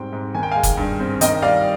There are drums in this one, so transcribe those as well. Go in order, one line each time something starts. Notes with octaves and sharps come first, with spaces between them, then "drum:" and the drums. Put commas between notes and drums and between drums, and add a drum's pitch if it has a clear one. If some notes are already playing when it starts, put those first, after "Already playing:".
Already playing: G#2 G3 C4 G5
G#2
D#3 G#5
G5
G#3 F5 G#5
drum: kick F#1, hi-hat
G2
C4
D#3 D#5 G5, drum: hi-hat
G3 D5 F5